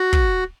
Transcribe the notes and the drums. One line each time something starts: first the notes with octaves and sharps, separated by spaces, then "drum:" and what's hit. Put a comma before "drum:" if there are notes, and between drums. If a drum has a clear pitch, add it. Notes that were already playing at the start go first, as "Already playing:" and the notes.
Already playing: F#4
drum: kick